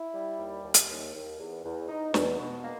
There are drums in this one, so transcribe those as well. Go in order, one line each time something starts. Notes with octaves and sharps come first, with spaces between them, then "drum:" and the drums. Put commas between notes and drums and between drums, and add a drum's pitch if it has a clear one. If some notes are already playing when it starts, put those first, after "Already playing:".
Already playing: E4
G3
D#2
D#2
drum: hi-hat
D#2
D#2
E2
E2
D#4
E2, drum: snare
B2
A#3